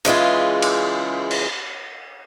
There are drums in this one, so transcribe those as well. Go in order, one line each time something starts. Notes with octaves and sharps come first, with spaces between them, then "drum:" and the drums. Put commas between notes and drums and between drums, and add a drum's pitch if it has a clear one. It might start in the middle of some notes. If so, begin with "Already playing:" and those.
C#3 E3 G#3 F4, drum: cymbal
drum: cymbal
drum: cymbal